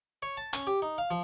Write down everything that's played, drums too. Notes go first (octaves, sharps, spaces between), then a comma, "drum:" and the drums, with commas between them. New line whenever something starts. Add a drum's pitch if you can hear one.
C#5
A5
C#4, drum: hi-hat
G4
D#4
F5
F3